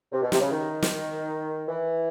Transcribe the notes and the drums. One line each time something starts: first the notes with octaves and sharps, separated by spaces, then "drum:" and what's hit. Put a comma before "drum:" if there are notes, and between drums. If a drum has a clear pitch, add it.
C3
B2
C3, drum: snare
C#3
D#3
drum: snare
E3